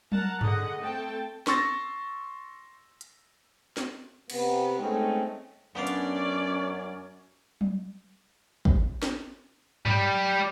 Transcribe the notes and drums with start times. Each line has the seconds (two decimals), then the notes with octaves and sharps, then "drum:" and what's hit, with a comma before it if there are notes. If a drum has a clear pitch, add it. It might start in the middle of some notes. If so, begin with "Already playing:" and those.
0.12 A#4 F#5 A5 A#5, drum: tom F#3
0.41 D3 G#4 D#5 F#5, drum: tom G2
0.80 A3 C4 A4 G5 A5
1.47 C6 C#6 E6 A6 A#6, drum: snare
3.01 drum: hi-hat
3.77 drum: snare
4.30 C3 B3, drum: cymbal
4.78 G#3 A3 C4 C#4 D#4 A4
5.76 F#2 B3 C#4 D4 D5 F5
5.87 drum: hi-hat
7.61 drum: tom F#3
8.65 drum: kick
9.02 drum: snare
9.85 G3 G4, drum: tom G2